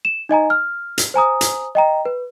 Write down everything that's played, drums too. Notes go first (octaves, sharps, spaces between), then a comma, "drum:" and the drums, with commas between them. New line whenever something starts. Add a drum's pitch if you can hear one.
E7
D#4 D#5 G#5 A#5
F6
drum: hi-hat
C5 G#5 A#5 D#6
drum: hi-hat
D#5 G5 A#5
B4